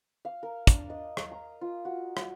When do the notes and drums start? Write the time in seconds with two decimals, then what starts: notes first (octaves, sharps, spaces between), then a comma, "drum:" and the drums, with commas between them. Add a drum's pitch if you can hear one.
0.25 F5
0.43 A#4
0.67 D4, drum: kick, hi-hat
0.90 D#5
1.17 drum: rim click
1.32 A#5
1.61 F4
1.85 F#4
2.17 drum: rim click